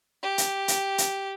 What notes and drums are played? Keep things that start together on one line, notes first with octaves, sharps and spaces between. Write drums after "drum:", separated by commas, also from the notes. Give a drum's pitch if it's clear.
G4
drum: hi-hat
drum: hi-hat
drum: hi-hat